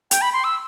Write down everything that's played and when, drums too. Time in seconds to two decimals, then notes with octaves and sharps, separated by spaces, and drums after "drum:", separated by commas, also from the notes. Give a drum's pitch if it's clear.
0.11 G5, drum: hi-hat
0.22 B5
0.33 C6
0.44 E6